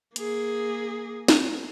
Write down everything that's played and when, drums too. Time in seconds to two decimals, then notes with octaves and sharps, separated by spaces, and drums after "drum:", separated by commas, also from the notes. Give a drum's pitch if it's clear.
0.16 A#3 G#4, drum: hi-hat
1.28 drum: snare